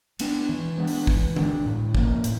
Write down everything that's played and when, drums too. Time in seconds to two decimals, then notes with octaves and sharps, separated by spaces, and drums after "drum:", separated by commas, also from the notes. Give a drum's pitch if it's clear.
0.19 G#3 B3 D4, drum: cymbal
0.49 E3
0.78 G#3 B3 D4
0.87 drum: open hi-hat
1.07 E3, drum: kick
1.36 G#3 B3 D4, drum: tom D3
1.66 A2
1.95 F3 A#3 C#4, drum: kick
2.24 A2, drum: hi-hat